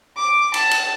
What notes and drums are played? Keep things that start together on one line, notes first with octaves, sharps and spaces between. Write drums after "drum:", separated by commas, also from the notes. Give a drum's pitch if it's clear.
D6
A5, drum: cymbal
drum: cymbal